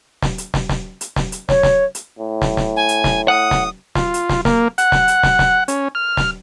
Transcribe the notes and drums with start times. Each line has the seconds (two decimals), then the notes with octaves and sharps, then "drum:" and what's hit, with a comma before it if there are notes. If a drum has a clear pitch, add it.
0.22 drum: snare
0.38 drum: hi-hat
0.54 drum: snare
0.69 drum: snare
1.01 drum: hi-hat
1.16 drum: snare
1.32 drum: hi-hat
1.49 C#5, drum: snare
1.63 drum: snare
1.95 drum: hi-hat
2.19 A2
2.42 drum: snare
2.57 drum: snare
2.76 G#5
2.89 drum: hi-hat
3.04 drum: snare
3.28 F#5 D#6
3.51 drum: snare
3.95 F4, drum: snare
4.14 drum: hi-hat
4.29 drum: snare
4.45 A#3, drum: snare
4.78 F#5, drum: hi-hat
4.92 drum: snare
5.08 drum: hi-hat
5.23 drum: snare
5.39 drum: snare
5.68 C#4, drum: hi-hat
5.95 F6
6.17 drum: snare